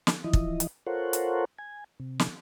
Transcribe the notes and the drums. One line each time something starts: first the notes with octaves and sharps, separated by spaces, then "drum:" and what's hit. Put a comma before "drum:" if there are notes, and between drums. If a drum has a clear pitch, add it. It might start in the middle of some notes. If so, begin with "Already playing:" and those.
drum: snare
E3 F3 E4 D#5
drum: kick
drum: hi-hat
F4 A4 A#4 C5 C#5 F#5
drum: hi-hat
G#5
C3
drum: snare